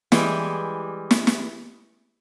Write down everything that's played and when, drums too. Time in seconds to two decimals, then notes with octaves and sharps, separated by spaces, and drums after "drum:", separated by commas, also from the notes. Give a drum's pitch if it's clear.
0.12 E3 G3 G#3, drum: snare
1.11 drum: snare
1.27 drum: snare